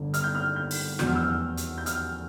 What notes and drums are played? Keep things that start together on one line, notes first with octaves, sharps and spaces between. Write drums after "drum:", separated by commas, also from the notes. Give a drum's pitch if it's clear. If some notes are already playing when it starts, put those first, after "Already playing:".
Already playing: G1 G2 D3
F6, drum: hi-hat
G6
F6
G6
drum: open hi-hat
F1 E2 B2 G6, drum: snare
F6
E6
F6
drum: hi-hat
G6
F6, drum: hi-hat